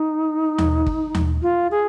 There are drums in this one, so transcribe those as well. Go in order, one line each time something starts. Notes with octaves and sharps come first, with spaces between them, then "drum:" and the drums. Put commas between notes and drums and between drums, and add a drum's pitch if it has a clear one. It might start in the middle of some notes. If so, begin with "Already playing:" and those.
Already playing: D#4
drum: tom D#2
drum: kick
drum: tom D#2
F4
G#4